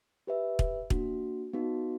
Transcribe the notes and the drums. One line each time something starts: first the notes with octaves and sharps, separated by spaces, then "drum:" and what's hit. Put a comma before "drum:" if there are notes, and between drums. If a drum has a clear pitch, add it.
G4 B4 E5
drum: kick
A#3 D4 F#4, drum: kick
B3 D#4 F#4